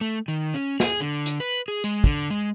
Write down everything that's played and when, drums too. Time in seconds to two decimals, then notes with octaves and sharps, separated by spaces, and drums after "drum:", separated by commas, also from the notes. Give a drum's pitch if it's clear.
0.01 A3
0.28 D#3
0.54 C#4
0.80 G#4, drum: snare
1.00 D3
1.26 drum: hi-hat
1.40 B4
1.68 G#4
1.84 G#3, drum: tambourine
2.04 D3, drum: kick
2.30 G#3